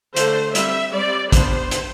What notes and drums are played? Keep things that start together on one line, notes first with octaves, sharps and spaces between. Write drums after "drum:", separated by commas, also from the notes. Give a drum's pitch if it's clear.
D3 A3 D4 C5, drum: hi-hat
G3 C4 E5, drum: hi-hat
G3 C4 D5
G3 B3 D4 C5, drum: kick, hi-hat
drum: hi-hat